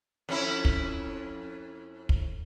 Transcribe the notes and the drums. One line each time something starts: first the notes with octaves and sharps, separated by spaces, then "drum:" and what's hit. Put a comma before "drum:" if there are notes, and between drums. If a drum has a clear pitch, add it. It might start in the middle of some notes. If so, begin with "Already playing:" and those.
F2 C#4 E4
drum: kick
drum: kick